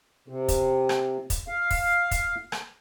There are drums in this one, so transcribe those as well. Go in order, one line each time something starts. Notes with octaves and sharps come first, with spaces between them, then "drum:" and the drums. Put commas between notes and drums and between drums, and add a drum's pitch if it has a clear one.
C3
drum: kick, hi-hat
drum: rim click
drum: kick, hi-hat
F5
drum: kick, open hi-hat
drum: kick, hi-hat
drum: rim click